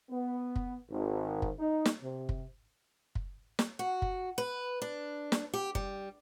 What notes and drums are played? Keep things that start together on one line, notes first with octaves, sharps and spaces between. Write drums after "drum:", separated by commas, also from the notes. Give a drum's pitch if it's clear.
B3
drum: kick
G#1
drum: kick
D#4
drum: snare
C3
drum: kick
drum: kick
drum: snare
F#4
drum: kick
B4
D4
drum: snare
G4
G3, drum: kick